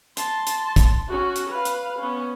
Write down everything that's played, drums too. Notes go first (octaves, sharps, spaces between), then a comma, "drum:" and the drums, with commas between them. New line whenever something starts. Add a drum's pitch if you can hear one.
A5 C6, drum: hi-hat
drum: hi-hat
drum: kick, hi-hat
C#4 F#4
drum: hi-hat
B4 F5
drum: hi-hat
B3 C#4